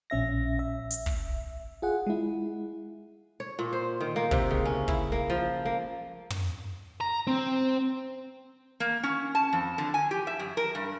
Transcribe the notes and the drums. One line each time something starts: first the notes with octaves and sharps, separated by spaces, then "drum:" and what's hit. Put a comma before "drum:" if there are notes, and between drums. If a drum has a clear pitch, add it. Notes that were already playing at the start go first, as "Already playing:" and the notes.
A#1 C#4 E5 A#6
E5
drum: hi-hat
drum: kick
F4 G#4 F#5
G#3 E4
C#5
A#2
C5
D#3
A#3
C3, drum: kick
C#3
C#4
E4, drum: kick
A#3
F3
A#3
drum: tom
A#5
C4
A#3
C#4
A5
F2
D3
G#5
G4
E5
F#2
A#4
G2